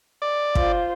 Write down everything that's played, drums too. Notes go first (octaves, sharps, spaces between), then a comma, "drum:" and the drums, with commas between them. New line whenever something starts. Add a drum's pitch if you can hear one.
D5
F4 C5, drum: kick